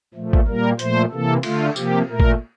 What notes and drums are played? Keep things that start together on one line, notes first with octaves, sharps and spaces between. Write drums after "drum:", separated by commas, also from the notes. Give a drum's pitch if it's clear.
A#2 F3 A3
drum: kick
A#2 G3 A#3 A#4
A#2 F3 A3 C5, drum: hi-hat
C3 E3 A#3 A4
D3 A3 F4, drum: cymbal
C3 F3 A#3 G4, drum: tambourine
A#2 A3 A#4
drum: kick